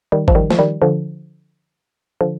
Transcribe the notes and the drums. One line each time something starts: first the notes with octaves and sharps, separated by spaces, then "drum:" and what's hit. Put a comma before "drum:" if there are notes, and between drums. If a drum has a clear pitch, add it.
D#3 G3
F3, drum: kick G#1
D#3 G3
F3, drum: snare
D#3 G3
D3 F3
D3 F3